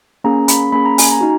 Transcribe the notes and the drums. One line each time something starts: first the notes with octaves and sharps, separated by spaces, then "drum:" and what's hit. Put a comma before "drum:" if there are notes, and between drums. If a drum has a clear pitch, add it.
A#3 C#4 G#4 A#5
B5, drum: hi-hat
A#3 C#4 G#4 B5
A#5
G#5, drum: open hi-hat
A#5
D#4 F#4